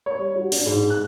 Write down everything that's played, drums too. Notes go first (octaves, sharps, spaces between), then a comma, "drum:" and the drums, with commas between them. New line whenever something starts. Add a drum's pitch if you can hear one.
C#5
G3
F#4
D4, drum: open hi-hat
G#2
F#6